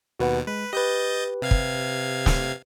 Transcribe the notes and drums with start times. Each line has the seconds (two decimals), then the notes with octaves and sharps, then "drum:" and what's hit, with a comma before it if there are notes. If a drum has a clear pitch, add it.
0.20 D#2 B2 F#4 B4 F#5
0.47 G#3 B4
0.73 G4 B4 D#5 G6 A6
1.42 C3 F5 G#6
1.51 drum: kick
2.26 drum: snare